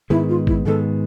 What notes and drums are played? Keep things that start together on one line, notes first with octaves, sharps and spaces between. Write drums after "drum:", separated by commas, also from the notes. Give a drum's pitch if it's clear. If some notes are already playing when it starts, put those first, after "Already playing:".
G#2 D#3 G#3 B3 E4
F4
E4, drum: kick
G#2 D#3 G#3 B3 A4